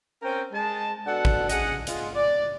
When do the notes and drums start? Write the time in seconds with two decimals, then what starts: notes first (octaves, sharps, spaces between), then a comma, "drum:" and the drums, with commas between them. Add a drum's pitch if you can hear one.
0.22 C4 C#4 A#4 C5 G5
0.53 G#3 A5
1.06 B2 D4 A4 F#5
1.25 drum: kick A1
1.50 C#3 G#4 D#5 F#5, drum: hi-hat
1.87 G#3 F4, drum: hi-hat
2.16 D5